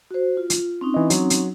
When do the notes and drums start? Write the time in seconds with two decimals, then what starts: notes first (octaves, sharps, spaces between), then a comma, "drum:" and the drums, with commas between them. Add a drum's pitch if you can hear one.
0.11 F#4 C5
0.37 F4
0.50 drum: hi-hat
0.81 C4 C#4 D#4
0.94 E3 D#5
1.10 F#3, drum: hi-hat
1.30 drum: hi-hat